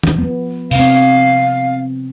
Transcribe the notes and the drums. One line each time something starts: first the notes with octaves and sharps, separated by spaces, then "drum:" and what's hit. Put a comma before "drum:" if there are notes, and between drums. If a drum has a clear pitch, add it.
drum: tom
F3 B3
C3 C4 F5, drum: open hi-hat